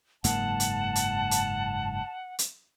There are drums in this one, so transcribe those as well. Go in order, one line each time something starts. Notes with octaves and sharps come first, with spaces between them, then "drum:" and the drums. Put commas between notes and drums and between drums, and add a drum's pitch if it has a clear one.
F#1 G#2 A#3 F#5 A5, drum: hi-hat
drum: hi-hat
drum: hi-hat
drum: hi-hat
drum: hi-hat